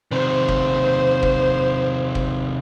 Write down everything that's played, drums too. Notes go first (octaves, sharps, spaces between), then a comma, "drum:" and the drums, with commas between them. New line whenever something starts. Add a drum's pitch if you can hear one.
C3 D#3 C5
drum: kick
drum: kick
drum: kick